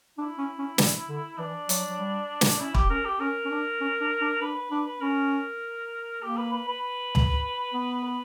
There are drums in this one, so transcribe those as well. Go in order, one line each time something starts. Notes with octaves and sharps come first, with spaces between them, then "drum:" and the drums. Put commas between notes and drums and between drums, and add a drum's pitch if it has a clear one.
D4 E4
C#4
C#4
E3, drum: snare
D3
E3 D4
F#3, drum: hi-hat
F#3
G3
drum: snare
C#4 E4
G4, drum: kick
C#4 A#4
G4
C#4 A#4
C#4
D4
C#4
D4
D4
D4 B4
B4
D4 B4
B4
C#4 A#4
A#3 G4
B4
B4
B4
drum: tom C#2
B3
B4